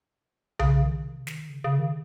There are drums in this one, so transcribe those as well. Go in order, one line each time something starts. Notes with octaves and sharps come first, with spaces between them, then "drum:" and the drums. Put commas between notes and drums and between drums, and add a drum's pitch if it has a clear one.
C#3, drum: tom B1
D#3
C3
D#3, drum: snare
C#3
C#3
D#3